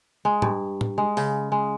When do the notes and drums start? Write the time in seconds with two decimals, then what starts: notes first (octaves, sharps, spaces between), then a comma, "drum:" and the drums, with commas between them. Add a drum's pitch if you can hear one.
0.25 G#3
0.42 G2, drum: tom
0.81 drum: tom
0.98 G#3
1.17 C#3, drum: open hi-hat
1.52 G#3